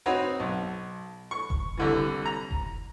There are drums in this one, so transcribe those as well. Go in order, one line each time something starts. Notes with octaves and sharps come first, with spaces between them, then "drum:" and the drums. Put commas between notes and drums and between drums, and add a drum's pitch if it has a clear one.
C4 D#4 F#4 B4 C#5
B1
C#6
drum: kick F1
C2 D3 E3
A#5
drum: kick F1